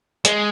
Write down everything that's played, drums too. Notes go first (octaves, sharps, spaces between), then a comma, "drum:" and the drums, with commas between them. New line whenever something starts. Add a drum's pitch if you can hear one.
G#3, drum: hi-hat